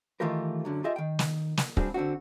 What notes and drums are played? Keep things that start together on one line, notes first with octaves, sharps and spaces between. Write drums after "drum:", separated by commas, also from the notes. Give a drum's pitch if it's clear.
D#3 E3 A3 F4 G4 A#4
F#2 D3 F#3
F4 G4 G#4 D#5 E5
D#3 G5
drum: snare
drum: snare
G2 C4 D4 F#4 G#4, drum: kick
D3 C4 D4 F#4